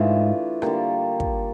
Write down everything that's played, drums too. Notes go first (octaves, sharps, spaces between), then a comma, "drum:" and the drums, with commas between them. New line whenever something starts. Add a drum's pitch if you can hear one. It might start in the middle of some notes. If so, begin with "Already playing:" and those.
Already playing: G#2 E3 A3 D4 F4
D3 G3 A#3, drum: rim click
drum: kick